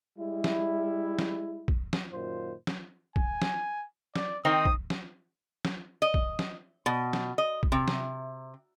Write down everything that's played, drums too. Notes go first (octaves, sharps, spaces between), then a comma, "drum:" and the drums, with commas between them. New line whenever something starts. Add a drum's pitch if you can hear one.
G3 G#3 E4
drum: snare
drum: snare
drum: kick
drum: snare
F#2 A#2 D#3 F4 C5
drum: snare
G#5, drum: kick
drum: snare
D5, drum: snare
D#3 C4 D#4 D#6
drum: kick
drum: snare
drum: snare
D#5
drum: kick
drum: snare
B2
drum: snare
D#5
drum: kick
C3
drum: snare